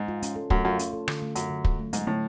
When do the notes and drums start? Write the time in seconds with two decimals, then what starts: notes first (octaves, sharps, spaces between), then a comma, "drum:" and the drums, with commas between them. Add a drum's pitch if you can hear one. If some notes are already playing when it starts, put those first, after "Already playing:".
Already playing: G#2
0.08 F4
0.23 C#4, drum: hi-hat
0.36 A4
0.50 F#2 A3, drum: kick
0.65 F#2 F4
0.79 C#4, drum: hi-hat
0.93 A4
1.08 D3, drum: rim click
1.22 A3
1.35 F#2 F#3, drum: hi-hat
1.50 D3
1.65 D3, drum: kick
1.79 A3
1.93 G#2 F#3, drum: hi-hat
2.07 A2 D3